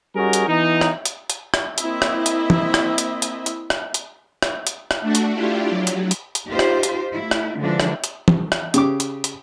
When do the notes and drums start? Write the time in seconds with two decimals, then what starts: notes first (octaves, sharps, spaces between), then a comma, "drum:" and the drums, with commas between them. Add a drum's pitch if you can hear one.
0.16 G3 C#4 D#4 F#4 G#4 A#4
0.33 drum: hi-hat
0.48 E3 B3 D#4
0.81 drum: rim click
1.05 drum: hi-hat
1.30 drum: hi-hat
1.54 drum: rim click
1.78 A#3 C4 E4 D#5 E5, drum: hi-hat
2.02 drum: rim click
2.26 drum: hi-hat
2.50 drum: tom
2.74 drum: rim click
2.98 drum: hi-hat
3.22 drum: hi-hat
3.46 drum: hi-hat
3.70 drum: rim click
3.94 drum: hi-hat
4.43 drum: rim click
4.67 drum: hi-hat
4.91 drum: rim click
5.01 A3 D4 F#4
5.15 drum: hi-hat
5.33 D4 E4 F4 G4
5.70 F#3
5.87 drum: hi-hat
6.11 drum: hi-hat
6.35 drum: hi-hat
6.48 D#4 F4 G4 C5
6.59 drum: rim click
6.83 drum: hi-hat
7.13 A3 E4
7.31 drum: rim click
7.59 D3 E3 F3 G#3 D4
7.80 drum: rim click
8.04 drum: hi-hat
8.28 drum: tom
8.52 drum: rim click
8.74 C#3 G4 D6, drum: hi-hat
9.00 drum: hi-hat
9.24 drum: hi-hat